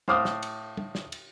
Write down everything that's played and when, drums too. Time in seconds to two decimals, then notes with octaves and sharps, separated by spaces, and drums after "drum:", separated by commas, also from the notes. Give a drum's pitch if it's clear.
0.08 A2 C5 F5 D6 D#6 F6, drum: tom
0.25 drum: snare
0.43 drum: cymbal
0.77 drum: tom
0.95 drum: snare
1.12 drum: cymbal